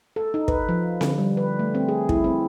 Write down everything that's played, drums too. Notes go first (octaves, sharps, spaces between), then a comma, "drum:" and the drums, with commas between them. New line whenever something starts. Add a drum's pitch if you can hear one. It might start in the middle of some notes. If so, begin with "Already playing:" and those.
A4
D#4
B4, drum: kick
F3
D3, drum: snare C4
G3
B4
A3
C4
G#4
E4, drum: kick
C4